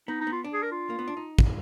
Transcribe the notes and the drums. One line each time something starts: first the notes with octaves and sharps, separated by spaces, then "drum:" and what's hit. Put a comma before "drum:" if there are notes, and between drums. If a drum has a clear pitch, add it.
B3 D#4
D#4
B3
F4
D4
G#4
A#4
F4
A#3
B3
D4
D#4
drum: kick